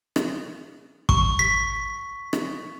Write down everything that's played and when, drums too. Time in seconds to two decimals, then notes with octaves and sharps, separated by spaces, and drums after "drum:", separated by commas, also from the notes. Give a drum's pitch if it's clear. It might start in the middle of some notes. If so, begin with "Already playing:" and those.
0.16 drum: rim click
1.09 C#6, drum: kick
1.39 B6
2.33 drum: rim click